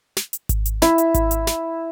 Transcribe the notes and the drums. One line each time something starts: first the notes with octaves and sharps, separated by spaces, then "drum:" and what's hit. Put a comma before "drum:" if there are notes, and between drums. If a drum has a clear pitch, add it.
drum: snare
drum: hi-hat
drum: kick G#1, hi-hat
drum: hi-hat
E4, drum: snare
drum: hi-hat
drum: kick G#1, hi-hat
drum: hi-hat
drum: snare